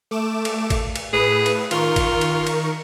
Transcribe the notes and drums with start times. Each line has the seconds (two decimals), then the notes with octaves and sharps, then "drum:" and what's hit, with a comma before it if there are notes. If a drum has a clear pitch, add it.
0.11 A3 D6 E7
0.45 drum: cymbal
0.70 drum: kick G#1, cymbal
0.96 drum: cymbal
1.13 A2 G#4 B4 D#6
1.46 drum: cymbal
1.71 D#3 F4 A#4 C#6, drum: cymbal
1.96 drum: kick G#1, cymbal
2.21 drum: cymbal
2.47 drum: cymbal